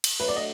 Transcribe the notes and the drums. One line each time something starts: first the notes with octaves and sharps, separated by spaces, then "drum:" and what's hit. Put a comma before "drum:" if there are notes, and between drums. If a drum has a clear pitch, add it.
drum: cymbal
A2 F#3 A3 D4 B4
D5
D#5